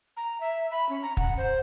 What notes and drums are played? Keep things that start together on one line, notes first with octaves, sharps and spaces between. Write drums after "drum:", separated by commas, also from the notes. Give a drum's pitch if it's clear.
A#5
E5
B5
C#4
A#5
F#5, drum: kick
C5